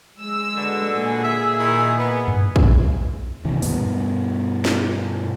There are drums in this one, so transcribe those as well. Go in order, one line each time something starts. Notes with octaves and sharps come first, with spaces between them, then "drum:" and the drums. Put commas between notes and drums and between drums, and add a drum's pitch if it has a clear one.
G#3 E6
B2 D3
A#2 G#4
E5
D#3 E4
B3
drum: tom F#2
drum: kick
D#2 C3 E3
G2 B2 B3, drum: open hi-hat
drum: snare